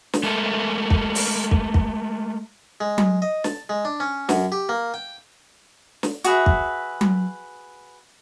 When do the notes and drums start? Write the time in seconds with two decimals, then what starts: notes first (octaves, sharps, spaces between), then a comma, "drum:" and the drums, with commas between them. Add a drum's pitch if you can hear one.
0.13 drum: snare
0.23 G#3 A3 A4 A#4 E5
0.90 drum: kick
1.15 drum: open hi-hat
1.51 drum: kick
1.74 drum: kick
2.80 G#3
2.98 drum: tom F#3
3.22 D#5
3.44 A5, drum: snare
3.69 G#3
3.85 D4
4.00 C#4
4.29 F#2, drum: snare
4.52 G4
4.69 A#3
4.94 G5
6.03 drum: snare
6.24 F#4 G#4 B4 E5, drum: hi-hat
6.46 drum: kick
7.01 drum: tom F#3